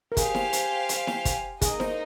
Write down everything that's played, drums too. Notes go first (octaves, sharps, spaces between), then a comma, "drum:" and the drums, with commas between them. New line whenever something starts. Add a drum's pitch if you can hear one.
A#4
G4 G#4 C5 F5 G#5, drum: kick, hi-hat
drum: snare E4
drum: hi-hat
drum: hi-hat
drum: snare E4
drum: kick, hi-hat
A#3 D#4 G#4 A#4 D#5, drum: kick, hi-hat
C5, drum: snare E4